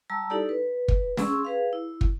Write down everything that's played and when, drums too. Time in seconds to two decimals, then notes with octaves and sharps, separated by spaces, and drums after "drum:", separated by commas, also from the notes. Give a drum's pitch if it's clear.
0.10 G3 A5 A#5 E6
0.30 D#4 E4 G4 A4 D5
0.49 B4
0.88 drum: kick
1.17 C#4 G#4 C6 C#6 E6, drum: snare
1.45 G#4 B4 F5
1.73 E4
2.01 drum: kick